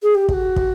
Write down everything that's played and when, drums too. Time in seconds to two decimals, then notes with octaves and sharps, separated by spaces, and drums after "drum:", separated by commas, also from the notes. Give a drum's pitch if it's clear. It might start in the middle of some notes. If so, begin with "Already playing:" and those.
0.03 G#4
0.15 G4
0.29 G4, drum: kick
0.33 F#4
0.56 drum: kick